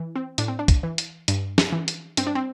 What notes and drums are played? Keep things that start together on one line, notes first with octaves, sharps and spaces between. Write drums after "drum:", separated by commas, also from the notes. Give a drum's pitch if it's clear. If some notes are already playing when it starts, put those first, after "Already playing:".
Already playing: E3
C4
A2 D4, drum: hi-hat
C4
D4
drum: kick, hi-hat
E3
drum: hi-hat
G2, drum: hi-hat
drum: snare
E3
drum: hi-hat
G2 C4, drum: hi-hat
D4
C4